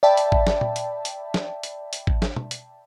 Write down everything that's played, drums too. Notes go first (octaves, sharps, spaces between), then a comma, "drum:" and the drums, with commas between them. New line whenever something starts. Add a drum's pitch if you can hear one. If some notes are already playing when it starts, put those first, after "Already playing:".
D5 E5 G5 A5 B5
drum: hi-hat
drum: kick
drum: snare
drum: tom A#2
drum: hi-hat
drum: hi-hat
drum: snare
drum: hi-hat
drum: hi-hat
drum: kick
drum: snare
drum: tom
drum: hi-hat